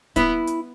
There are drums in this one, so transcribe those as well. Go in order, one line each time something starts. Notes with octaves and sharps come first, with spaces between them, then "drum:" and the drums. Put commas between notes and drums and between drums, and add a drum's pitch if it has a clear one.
B3 E4, drum: kick, hi-hat
drum: hi-hat